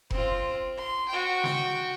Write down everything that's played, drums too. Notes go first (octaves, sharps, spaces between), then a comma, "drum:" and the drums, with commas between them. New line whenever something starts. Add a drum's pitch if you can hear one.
C4 F4, drum: kick F1
C6
F#4 G5
drum: snare